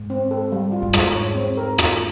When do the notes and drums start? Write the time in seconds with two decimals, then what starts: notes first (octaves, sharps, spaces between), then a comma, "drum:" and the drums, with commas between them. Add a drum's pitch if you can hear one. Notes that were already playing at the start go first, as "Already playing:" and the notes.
Already playing: G#2
0.10 C4
0.31 A4
0.52 G3
0.72 F4
0.82 G2
0.93 G#2 F4, drum: rim click
1.15 C#5
1.35 C4
1.57 A#4
1.78 F4, drum: rim click